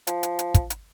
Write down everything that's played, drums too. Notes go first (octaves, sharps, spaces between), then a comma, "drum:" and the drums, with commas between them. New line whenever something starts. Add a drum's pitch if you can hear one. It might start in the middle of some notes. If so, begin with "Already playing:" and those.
F3, drum: hi-hat
drum: hi-hat
drum: hi-hat
drum: kick, hi-hat
drum: hi-hat